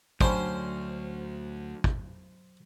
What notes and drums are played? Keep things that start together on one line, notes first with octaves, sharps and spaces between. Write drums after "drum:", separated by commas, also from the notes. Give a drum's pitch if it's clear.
D2 D3 F#3 G3 C#4 C5, drum: kick
drum: kick